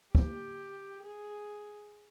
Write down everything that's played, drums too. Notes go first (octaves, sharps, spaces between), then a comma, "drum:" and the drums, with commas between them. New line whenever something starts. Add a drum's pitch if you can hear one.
G4, drum: kick
G#4